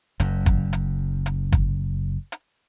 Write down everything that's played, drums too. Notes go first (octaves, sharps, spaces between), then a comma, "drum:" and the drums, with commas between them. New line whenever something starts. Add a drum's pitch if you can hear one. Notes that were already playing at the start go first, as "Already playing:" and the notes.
F#1 F#2, drum: hi-hat
drum: kick, hi-hat
drum: hi-hat
drum: hi-hat
drum: kick, hi-hat
drum: hi-hat